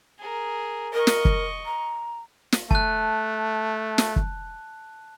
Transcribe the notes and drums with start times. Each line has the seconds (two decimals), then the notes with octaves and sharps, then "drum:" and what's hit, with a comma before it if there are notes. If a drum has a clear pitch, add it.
0.19 G#4 A#4
0.94 A#4 D#5 C#6
1.07 drum: snare
1.25 drum: kick
1.66 A#5
2.52 drum: snare
2.71 A3 A5 F#6, drum: kick
3.98 drum: snare
4.16 drum: kick